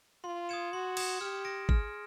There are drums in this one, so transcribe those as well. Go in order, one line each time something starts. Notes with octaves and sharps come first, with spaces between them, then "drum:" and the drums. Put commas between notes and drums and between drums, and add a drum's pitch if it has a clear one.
F4 C6
D#6 G#6 C#7 E7
F#4 C6
D#6 G#6 C#7 E7, drum: cymbal
G4 F6
A#6 D7
G#4 F6, drum: kick G#1